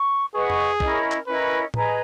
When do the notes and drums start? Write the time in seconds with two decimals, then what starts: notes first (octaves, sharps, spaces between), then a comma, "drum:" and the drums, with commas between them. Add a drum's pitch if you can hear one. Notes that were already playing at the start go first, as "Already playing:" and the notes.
Already playing: C#6
0.34 G#4 B4 D#5 F#5 C#6
0.50 drum: tom F2
0.80 C#4 E4 A#4 D#5, drum: kick
1.12 drum: clap
1.27 C#4 E4 A#4 B4 D#5
1.74 G#4 B4 D#5 A#5, drum: tom A2